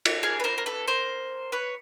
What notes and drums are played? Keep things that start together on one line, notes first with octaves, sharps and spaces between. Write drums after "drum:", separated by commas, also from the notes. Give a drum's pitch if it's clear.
drum: cymbal
G#4 A#4
B4
A#4 C5
A#4
A4 B4
A#4 C5
B4 C#5